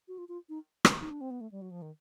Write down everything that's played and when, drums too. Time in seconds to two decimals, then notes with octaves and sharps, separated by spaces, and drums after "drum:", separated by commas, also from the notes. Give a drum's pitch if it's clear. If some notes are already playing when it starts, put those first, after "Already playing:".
0.08 F#4
0.18 F4
0.29 F4
0.49 D#4
0.85 drum: rim click
1.00 D#4
1.11 D4
1.21 C4
1.31 B3
1.41 A3
1.52 G3
1.62 F#3
1.71 F3
1.82 D#3